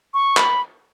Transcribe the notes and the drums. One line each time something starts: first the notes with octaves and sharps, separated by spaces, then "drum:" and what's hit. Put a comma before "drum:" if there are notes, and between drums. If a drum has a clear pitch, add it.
C#6
B5, drum: clap